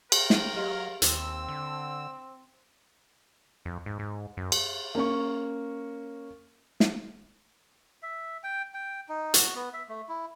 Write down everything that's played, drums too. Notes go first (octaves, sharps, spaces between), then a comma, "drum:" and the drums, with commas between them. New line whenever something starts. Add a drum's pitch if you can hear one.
A#4 G5, drum: cymbal
drum: snare
F#3 G4 D#5 F5 C6
D#2 C4 E6, drum: hi-hat
D3
F2
G#2
G#2
F#2
drum: cymbal
A#3 C#4 C#6
drum: snare
E5
G5
G5
D#4
F#4, drum: hi-hat
B3
E5
A3
E4